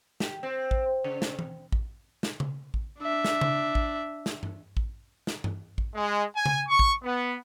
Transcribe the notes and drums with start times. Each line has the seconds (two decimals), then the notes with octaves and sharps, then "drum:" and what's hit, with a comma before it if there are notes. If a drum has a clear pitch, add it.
0.20 G4, drum: snare
0.43 C4
0.71 drum: kick A1
1.04 C#3
1.22 drum: snare
1.39 drum: tom E3
1.72 drum: kick A1
2.23 drum: snare
2.40 drum: tom C#3
2.74 drum: kick A1
3.00 D4 E5
3.25 drum: snare
3.41 drum: tom C#3
3.75 drum: kick A1
4.26 drum: snare
4.43 drum: tom G2
4.77 drum: kick A1
5.27 drum: snare
5.44 drum: tom G2
5.78 drum: kick A1
5.95 G#3
6.36 G#5
6.46 drum: tom C#3
6.69 C#6
6.79 drum: kick A1
7.04 B3